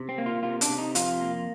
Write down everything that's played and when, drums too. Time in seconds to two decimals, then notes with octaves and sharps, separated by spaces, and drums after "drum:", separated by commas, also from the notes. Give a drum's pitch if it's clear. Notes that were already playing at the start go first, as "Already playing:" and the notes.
Already playing: C3
0.09 C4
0.18 A#3
0.26 F4
0.43 C3 F4
0.61 D4, drum: hi-hat
0.70 C3
0.78 D#4
0.95 F2 F4, drum: hi-hat
1.21 A#3